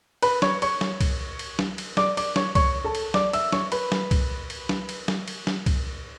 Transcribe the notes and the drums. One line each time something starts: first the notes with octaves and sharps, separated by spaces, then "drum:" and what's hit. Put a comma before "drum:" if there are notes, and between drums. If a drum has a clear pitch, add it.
B4 B5, drum: cymbal
C#5 C#6, drum: snare
C#5 C#6, drum: cymbal
drum: snare
drum: kick C2, cymbal
drum: cymbal
drum: snare
drum: cymbal
D5 D6, drum: snare
D5 D6, drum: cymbal
C#5 C#6, drum: snare
C#5 C#6, drum: kick C2, cymbal
A4 A5
drum: cymbal
D5 D6, drum: snare
E5 E6, drum: cymbal
C#5 C#6, drum: snare
B4 B5, drum: cymbal
drum: snare
drum: kick C2, cymbal
drum: cymbal
drum: snare
drum: cymbal
drum: snare
drum: cymbal
drum: snare
drum: kick C2, cymbal